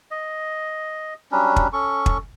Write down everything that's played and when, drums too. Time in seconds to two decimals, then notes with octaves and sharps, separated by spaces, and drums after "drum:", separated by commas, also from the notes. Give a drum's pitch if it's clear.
0.11 D#5
1.32 F#3 G3 C#4 D4
1.56 drum: kick
1.73 C#4 A4 C#6
2.06 drum: kick